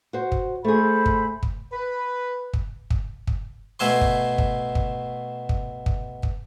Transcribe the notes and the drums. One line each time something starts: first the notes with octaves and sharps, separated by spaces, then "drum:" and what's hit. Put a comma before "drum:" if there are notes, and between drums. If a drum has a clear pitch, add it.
F#4 C5
drum: kick
A3 G#4 A4 C5 B5
drum: kick
drum: kick
B4
drum: kick
drum: kick
drum: kick
B2 A3 E5 G#5 C6
drum: kick
drum: kick
drum: kick
drum: kick
drum: kick
drum: kick